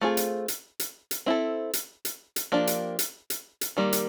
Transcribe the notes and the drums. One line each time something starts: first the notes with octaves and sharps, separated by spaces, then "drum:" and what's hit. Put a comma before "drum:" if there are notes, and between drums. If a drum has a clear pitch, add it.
A3 C4 F4 G#4
drum: hi-hat
drum: hi-hat
drum: hi-hat
drum: hi-hat
C4 E4 A4
drum: hi-hat
drum: hi-hat
drum: hi-hat
F3 A#3 D4 G4
drum: hi-hat
drum: hi-hat
drum: hi-hat
drum: hi-hat
D#3 G3 A#3
drum: hi-hat